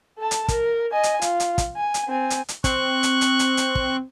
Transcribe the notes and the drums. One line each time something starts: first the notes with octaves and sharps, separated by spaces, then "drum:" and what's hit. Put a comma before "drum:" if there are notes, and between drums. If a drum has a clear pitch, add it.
A4 A5
drum: hi-hat
A#4, drum: kick, hi-hat
D#5 G#5
drum: hi-hat
F4, drum: hi-hat
drum: hi-hat
drum: kick, hi-hat
G#5
drum: hi-hat
C4 G#5
drum: hi-hat
drum: hi-hat
C4 C#6 F#6, drum: kick, hi-hat
drum: hi-hat
drum: hi-hat
drum: hi-hat
drum: hi-hat
drum: kick